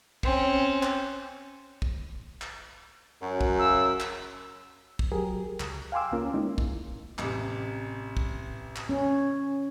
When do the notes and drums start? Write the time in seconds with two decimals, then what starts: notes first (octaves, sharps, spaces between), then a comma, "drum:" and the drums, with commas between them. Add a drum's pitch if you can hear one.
0.23 C4 C#4, drum: kick
0.83 drum: clap
1.82 drum: kick
2.41 drum: clap
3.22 F#2 F#3
3.41 drum: kick
3.59 C#3 E6
4.00 drum: clap
4.99 drum: kick
5.12 F#3 G4 G#4 A#4
5.60 C#2, drum: clap
5.92 F5 G5 G#5 C6 D6 E6
6.12 C#2 A#3 C#4 F4 A#4
6.34 G#3 A#3 C#4 D#4 E4
6.58 drum: kick
7.18 A1 C3, drum: clap
8.17 drum: kick
8.76 drum: clap
8.89 C#4